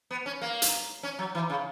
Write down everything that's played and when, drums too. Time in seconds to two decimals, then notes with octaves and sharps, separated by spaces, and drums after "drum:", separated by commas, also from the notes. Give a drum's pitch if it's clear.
0.11 B3
0.26 C#4
0.41 A#3
0.62 drum: hi-hat
1.03 C#4
1.19 F#3
1.35 E3
1.50 C#3